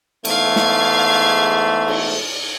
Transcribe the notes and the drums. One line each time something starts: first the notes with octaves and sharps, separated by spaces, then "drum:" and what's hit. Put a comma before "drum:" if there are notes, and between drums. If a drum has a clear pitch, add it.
E2 G#2 A3 F5 G#6, drum: cymbal
drum: snare
drum: cymbal